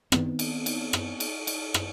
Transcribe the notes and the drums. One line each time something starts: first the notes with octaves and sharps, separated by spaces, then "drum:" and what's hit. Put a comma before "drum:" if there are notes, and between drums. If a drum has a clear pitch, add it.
D#3 B3 C4, drum: rim click
drum: cymbal
drum: cymbal
drum: rim click
drum: cymbal
drum: cymbal
drum: rim click